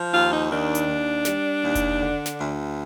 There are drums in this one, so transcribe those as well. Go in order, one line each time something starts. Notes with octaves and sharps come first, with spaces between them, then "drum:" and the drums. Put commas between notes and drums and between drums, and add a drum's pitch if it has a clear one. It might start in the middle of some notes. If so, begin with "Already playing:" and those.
Already playing: F3
D#2 F4
D#4
D#3 D4
drum: hi-hat
D#2
G3, drum: snare
D#2
drum: kick F1, hi-hat
D3
drum: snare
D2